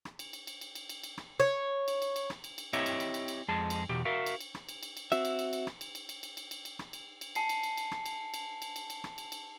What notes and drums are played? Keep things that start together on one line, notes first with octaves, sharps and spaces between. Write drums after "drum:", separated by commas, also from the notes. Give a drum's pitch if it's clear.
drum: rim click
drum: cymbal
drum: cymbal
drum: cymbal
drum: cymbal
drum: cymbal
drum: cymbal
drum: cymbal
drum: rim click
C#5
drum: cymbal
drum: cymbal
drum: cymbal
drum: rim click
drum: cymbal
drum: cymbal
C4 E4 G4 C#5 D#5 E5, drum: cymbal
drum: cymbal
drum: cymbal
drum: cymbal
drum: cymbal
F2 G#3 G#4 A5
drum: cymbal
E2 B2 G4
F#4 A#4 E5 F5
drum: cymbal
drum: cymbal
drum: rim click
drum: cymbal
drum: cymbal
drum: cymbal
C4 F#4 E5, drum: cymbal
drum: cymbal
drum: cymbal
drum: cymbal
drum: rim click
drum: cymbal
drum: cymbal
drum: cymbal
drum: cymbal
drum: cymbal
drum: cymbal
drum: cymbal
drum: rim click
drum: cymbal
drum: cymbal
G#5 A5 C7 C#7, drum: cymbal
drum: cymbal
drum: cymbal
drum: cymbal
drum: rim click
drum: cymbal
drum: cymbal
drum: cymbal
drum: cymbal
drum: cymbal
drum: rim click
drum: cymbal
drum: cymbal